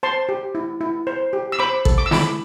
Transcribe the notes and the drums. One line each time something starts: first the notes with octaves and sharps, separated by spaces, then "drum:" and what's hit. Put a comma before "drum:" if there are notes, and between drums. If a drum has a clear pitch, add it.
C5 A5 C6
G4
E4
E4
C5
G4
E6
C5 B5 D6
A4, drum: kick
D6
E6
E4 B5 D6, drum: snare